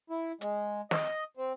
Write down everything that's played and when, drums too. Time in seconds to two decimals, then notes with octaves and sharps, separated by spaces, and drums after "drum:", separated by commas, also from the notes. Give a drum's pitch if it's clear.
0.10 E4
0.41 G#3, drum: hi-hat
0.91 D#5, drum: snare
1.37 C4